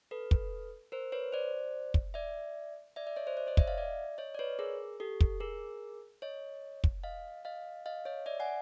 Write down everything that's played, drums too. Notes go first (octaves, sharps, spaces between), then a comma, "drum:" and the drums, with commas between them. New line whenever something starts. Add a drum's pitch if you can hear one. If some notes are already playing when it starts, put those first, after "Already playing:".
A4 B4
drum: kick
A#4 C5
B4 C#5
C5 D5
drum: kick
D5 E5
D5 E5
D5 E5
C#5 D#5
C5 D5
C5 D5
C#5 D#5
D5 E5, drum: kick
D#5 F5
D5 E5
C#5 D#5
D5
B4 C#5
G#4 A#4
G4 A4
drum: kick
G#4 A#4
C#5 D#5
drum: kick
D#5 F5
D#5 F5
D#5 F5
C#5 D#5
D5 E5
F#5 G#5